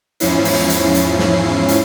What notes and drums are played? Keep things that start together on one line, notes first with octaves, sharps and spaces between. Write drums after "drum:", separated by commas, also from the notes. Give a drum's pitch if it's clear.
E2 G#2 F3 C#4 E4 C7, drum: hi-hat
drum: open hi-hat
drum: hi-hat
drum: hi-hat
drum: snare
drum: hi-hat